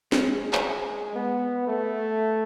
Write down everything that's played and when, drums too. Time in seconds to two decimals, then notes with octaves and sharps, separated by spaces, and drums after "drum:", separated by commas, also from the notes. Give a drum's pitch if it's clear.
0.12 G#3, drum: snare
0.53 drum: clap
1.15 B3
1.67 A3